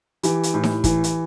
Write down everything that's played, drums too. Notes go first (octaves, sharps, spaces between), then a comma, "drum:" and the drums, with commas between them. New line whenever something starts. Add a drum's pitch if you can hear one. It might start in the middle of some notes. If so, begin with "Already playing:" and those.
E3 G4, drum: hi-hat
drum: hi-hat
A2
drum: snare D#4
E3, drum: kick, hi-hat
drum: hi-hat